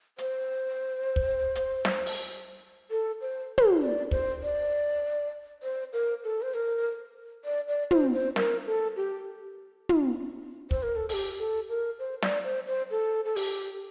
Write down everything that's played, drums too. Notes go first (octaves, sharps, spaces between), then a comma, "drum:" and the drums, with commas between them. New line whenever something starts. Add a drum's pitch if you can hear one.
C5, drum: hi-hat
drum: kick
drum: hi-hat
drum: snare
drum: open hi-hat
A4
C5
drum: tom
D5
C5, drum: kick
D5
C5
A#4
A4
C5
A#4
D5
D5
C5, drum: tom
C5
A#4, drum: snare
A4
G4
drum: tom
C5, drum: kick
A#4
A4
A4, drum: open hi-hat
G4
A4
A#4
C5
D5, drum: snare
C5
C5
A4
A4
G4, drum: open hi-hat